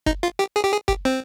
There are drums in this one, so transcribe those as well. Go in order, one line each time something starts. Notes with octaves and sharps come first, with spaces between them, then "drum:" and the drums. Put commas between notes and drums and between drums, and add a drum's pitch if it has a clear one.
D#4, drum: kick F#1
F4
G4
G#4
G4
G#4
G4, drum: kick F#1
C4